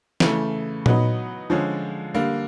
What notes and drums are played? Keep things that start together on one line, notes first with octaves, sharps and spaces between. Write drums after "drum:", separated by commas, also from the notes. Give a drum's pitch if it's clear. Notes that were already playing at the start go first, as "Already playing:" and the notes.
C#3 E3 A3, drum: snare
F#3 B3 D#4, drum: tom A#2
D3 F3 G#3 C#4
D3 G3 A#3